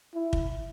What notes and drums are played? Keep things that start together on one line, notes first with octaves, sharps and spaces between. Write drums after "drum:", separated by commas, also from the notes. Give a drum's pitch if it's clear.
E4
drum: kick